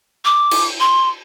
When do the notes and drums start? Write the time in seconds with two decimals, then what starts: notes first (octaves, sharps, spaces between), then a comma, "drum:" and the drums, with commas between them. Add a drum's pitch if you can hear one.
0.25 D6
0.51 drum: cymbal
0.80 C6